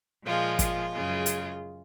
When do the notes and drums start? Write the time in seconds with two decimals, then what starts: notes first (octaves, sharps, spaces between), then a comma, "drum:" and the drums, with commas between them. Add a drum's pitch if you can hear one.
0.24 A#2 F3 G#3 F4
0.59 F4, drum: kick, hi-hat
0.92 F#2 C#3 G#3
1.26 drum: hi-hat